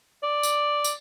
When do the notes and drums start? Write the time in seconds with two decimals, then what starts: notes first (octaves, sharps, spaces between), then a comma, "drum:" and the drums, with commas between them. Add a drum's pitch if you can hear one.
0.23 D5
0.43 drum: tambourine
0.84 drum: tambourine